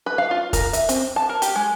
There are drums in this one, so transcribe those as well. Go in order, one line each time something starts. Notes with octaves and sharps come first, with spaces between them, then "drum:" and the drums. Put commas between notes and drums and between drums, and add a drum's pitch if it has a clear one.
B4
F5
F4
A#4, drum: kick, hi-hat
E5, drum: hi-hat
C4, drum: hi-hat
A5
A#4
G4, drum: hi-hat
G#3